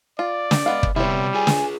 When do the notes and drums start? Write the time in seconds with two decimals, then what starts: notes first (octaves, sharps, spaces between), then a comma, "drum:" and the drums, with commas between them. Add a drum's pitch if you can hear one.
0.19 F4 D5
0.51 drum: snare
0.66 G#3 B3 F5
0.83 drum: kick
0.96 C3 G3 B3 C4 E4 C#5
1.34 F4 G#4 G#5
1.47 drum: snare